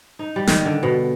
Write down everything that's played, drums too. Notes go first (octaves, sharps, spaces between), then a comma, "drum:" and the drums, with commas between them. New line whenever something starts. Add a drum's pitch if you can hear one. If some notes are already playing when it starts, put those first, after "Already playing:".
D#4
G3
D#3, drum: snare
D3
B2